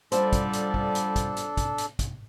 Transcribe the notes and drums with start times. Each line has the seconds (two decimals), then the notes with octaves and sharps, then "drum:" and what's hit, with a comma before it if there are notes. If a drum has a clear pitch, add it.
0.12 D3 F3 G3 D4 A4 C5, drum: hi-hat
0.33 drum: kick, hi-hat
0.53 drum: hi-hat
0.74 drum: kick
0.95 drum: hi-hat
1.16 drum: kick, hi-hat
1.37 drum: hi-hat
1.57 drum: kick, hi-hat
1.78 drum: hi-hat
1.99 drum: kick, hi-hat